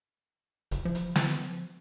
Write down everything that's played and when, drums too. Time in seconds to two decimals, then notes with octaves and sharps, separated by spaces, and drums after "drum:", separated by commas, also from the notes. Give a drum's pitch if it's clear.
0.71 F#1, drum: hi-hat
0.85 F3
0.95 drum: hi-hat
1.16 drum: snare